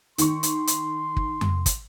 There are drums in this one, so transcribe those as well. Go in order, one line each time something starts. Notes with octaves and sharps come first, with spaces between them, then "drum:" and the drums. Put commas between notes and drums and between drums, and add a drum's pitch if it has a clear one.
D#3 C6 C#6, drum: hi-hat
drum: hi-hat
drum: hi-hat
drum: kick
drum: tom F2
drum: kick, hi-hat